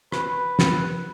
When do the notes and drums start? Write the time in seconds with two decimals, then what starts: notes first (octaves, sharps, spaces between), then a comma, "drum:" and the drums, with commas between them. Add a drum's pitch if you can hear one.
0.12 B4, drum: rim click
0.59 drum: snare